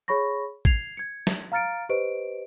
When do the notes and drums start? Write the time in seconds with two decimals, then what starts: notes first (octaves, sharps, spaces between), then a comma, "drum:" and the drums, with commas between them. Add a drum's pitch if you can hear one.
0.08 G#4 C#5 B5 C#6 A#6
0.65 G#6 C7 F7, drum: kick A1
0.97 G#6 C#7
1.27 drum: snare
1.52 F5 A#5 F6 A6 C#7 D7
1.89 G4 B4 C5 D#5 D7